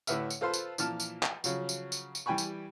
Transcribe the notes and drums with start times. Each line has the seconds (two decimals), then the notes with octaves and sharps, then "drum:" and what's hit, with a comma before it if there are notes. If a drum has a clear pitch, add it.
0.07 A2 D3 B4 E5 F6, drum: tambourine
0.30 drum: tambourine
0.41 F4 A4 B4 C5 F5 C6
0.54 drum: tambourine
0.78 A#2 E3 F3 A5 F6, drum: tambourine
1.00 drum: tambourine
1.23 drum: clap
1.44 C#3 F3 F#3, drum: tambourine
1.69 drum: tambourine
1.92 drum: tambourine
2.15 drum: tambourine
2.26 E3 G3 G5 G#5 B5 C#6
2.38 drum: tambourine